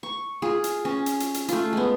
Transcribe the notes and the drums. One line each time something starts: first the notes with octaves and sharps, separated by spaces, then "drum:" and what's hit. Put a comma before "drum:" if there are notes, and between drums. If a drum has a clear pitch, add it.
C#6
F4 G#4
drum: hi-hat
C#4
drum: hi-hat
drum: hi-hat
drum: hi-hat
A3 F4, drum: hi-hat
G#3 B3